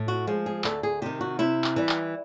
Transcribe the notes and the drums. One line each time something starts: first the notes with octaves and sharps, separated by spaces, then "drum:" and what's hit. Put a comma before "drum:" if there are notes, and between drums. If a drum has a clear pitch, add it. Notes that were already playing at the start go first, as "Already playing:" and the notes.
Already playing: A2
F#4
F3 G#3
G#4
D2 A4, drum: clap
G#4
C3 D#3 G4
F#4
C3 E4
drum: clap
E3 G3
drum: clap